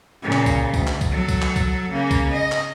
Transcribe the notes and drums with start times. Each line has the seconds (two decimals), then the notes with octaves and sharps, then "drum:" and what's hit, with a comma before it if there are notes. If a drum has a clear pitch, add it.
0.22 A#2 C#3
0.33 drum: clap
0.46 drum: kick, tambourine
0.74 D2, drum: kick, tambourine
0.87 drum: clap
1.01 drum: kick, tambourine
1.11 F#3 A4
1.28 drum: kick, tambourine
1.42 drum: clap
1.56 drum: kick, tambourine
1.91 C#3 A#3
2.11 drum: kick, tambourine
2.31 D#5
2.52 drum: clap